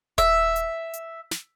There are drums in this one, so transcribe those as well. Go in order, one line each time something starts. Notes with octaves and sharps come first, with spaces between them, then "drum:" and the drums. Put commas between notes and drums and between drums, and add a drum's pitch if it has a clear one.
E5, drum: kick D#1, hi-hat
drum: hi-hat
drum: hi-hat
drum: snare